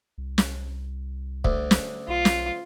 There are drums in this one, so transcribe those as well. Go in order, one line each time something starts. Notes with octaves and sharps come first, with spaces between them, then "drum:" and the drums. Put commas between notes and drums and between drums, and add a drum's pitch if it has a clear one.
C2
drum: snare
D2, drum: kick
drum: snare
B1 F4
drum: snare